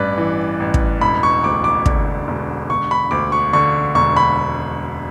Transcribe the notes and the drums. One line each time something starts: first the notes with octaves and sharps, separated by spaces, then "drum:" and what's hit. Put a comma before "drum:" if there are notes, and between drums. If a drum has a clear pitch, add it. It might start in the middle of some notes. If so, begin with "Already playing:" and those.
Already playing: A1 G2 B4 D5
E3
A1
drum: kick
E1 B5
C#6
D2 D6
D6
D3, drum: kick
E1
E1 C#6
B5
D2 D6
C#6
D3 C#6
E1 C#6
B5